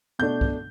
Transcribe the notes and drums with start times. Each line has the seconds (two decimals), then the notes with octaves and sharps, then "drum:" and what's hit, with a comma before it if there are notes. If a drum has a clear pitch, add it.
0.19 B2 A3 D4 G6
0.41 drum: kick C2